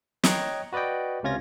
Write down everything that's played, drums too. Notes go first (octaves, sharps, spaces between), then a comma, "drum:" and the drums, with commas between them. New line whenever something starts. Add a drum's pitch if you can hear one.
C#5 D#5 G5 A#5 C#6 F#6, drum: snare
F#4 B4 D5 D#5 G5
C#2 C3 C#4 F4 G#6 A#6